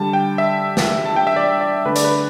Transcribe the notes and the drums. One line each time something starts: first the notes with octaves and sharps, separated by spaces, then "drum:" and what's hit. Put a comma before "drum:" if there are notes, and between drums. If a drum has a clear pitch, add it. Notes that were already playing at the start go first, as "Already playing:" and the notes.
Already playing: D3 G3 A5
G5
E5
drum: snare
A5
G5
E5
D5
D5
D3 A3 B4
D5, drum: hi-hat
B4